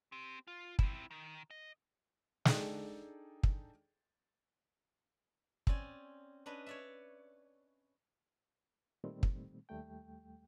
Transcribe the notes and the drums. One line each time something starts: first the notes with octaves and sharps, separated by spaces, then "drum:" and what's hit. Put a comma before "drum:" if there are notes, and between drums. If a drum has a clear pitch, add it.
C4 G4
F4
C4 E4, drum: kick
D#3
D#5
D4 D#4 G#4 A4 D5 G5, drum: snare
drum: kick
C4 C#4 D5 G#5, drum: kick
C#4 D4 B4 D#5
C#5 D5 E5
A#2 D#3 G3 A3 C4
drum: kick
D#2 G3 A3 G5